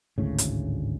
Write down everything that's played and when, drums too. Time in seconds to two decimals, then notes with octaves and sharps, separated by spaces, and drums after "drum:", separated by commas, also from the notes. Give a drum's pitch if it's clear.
0.18 G#1 D2 A2 C#3
0.38 drum: hi-hat